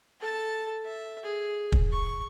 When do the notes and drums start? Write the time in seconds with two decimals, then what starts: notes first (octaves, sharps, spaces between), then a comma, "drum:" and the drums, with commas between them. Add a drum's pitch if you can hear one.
0.20 A4 A5
0.85 E5
1.23 G#4
1.72 drum: kick
1.92 C#6